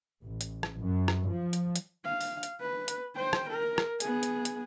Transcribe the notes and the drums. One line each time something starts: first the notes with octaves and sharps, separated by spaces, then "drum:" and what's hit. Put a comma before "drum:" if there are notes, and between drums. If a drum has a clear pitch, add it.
A1
drum: hi-hat
drum: rim click
F#2
drum: rim click
F3
drum: hi-hat
drum: hi-hat
F5
drum: open hi-hat
drum: hi-hat
B4
drum: hi-hat
C5 G5
drum: rim click
A#4
drum: rim click
B3 G#4, drum: hi-hat
drum: hi-hat
drum: hi-hat